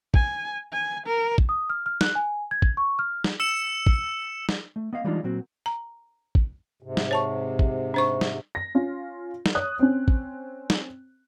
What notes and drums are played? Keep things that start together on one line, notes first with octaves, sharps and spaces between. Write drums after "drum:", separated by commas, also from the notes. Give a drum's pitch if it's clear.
G#5, drum: kick
G#5
A#4
drum: kick
D#6
F6
F6
F#6, drum: snare
G#5
G#6
drum: kick
C#6
F6
drum: snare
E6 C#7 E7
drum: kick
drum: snare
A3
B3 D#5 F5
E3 G3 G#3 D4 D#4 F4
A#2 F#3 C4 F#4
A#5
drum: kick
G#2 C3
drum: snare
C#5 A5 C#6
drum: kick
D4 C5 C#6
drum: snare
A#6
C#4 F4
drum: snare
C#5 D#6 F#6
C4 C#4
drum: kick
drum: snare